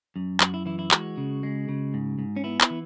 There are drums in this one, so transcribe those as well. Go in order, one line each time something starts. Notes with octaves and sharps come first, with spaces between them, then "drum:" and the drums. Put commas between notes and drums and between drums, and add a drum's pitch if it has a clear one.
F#2
F#2 F#4, drum: clap
E4
E3 E4
E4
G#3 F#4, drum: clap
C#3
G#3
C#3
G#2
G#2
C#4
B3 E4
E4, drum: clap
E3